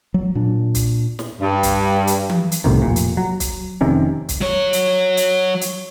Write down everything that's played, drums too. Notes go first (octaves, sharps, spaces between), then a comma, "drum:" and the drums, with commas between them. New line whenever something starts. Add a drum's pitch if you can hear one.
F#3
A#2 D4
drum: kick, hi-hat
drum: snare
G2
drum: kick, hi-hat
drum: hi-hat
drum: tom E3
drum: hi-hat
C2 A2 C3 D#3
F1 A#2
drum: hi-hat
F#3
drum: kick, hi-hat
F1 C3 D#3 C#4
drum: kick, hi-hat
F#3 C#5
drum: hi-hat
drum: hi-hat
drum: hi-hat